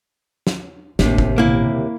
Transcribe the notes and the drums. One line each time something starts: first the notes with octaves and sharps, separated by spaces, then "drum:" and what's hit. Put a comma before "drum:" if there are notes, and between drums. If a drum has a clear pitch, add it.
drum: snare
A1 D#2 C3 A3 D4, drum: snare
drum: kick
B2 D3 A#3 E4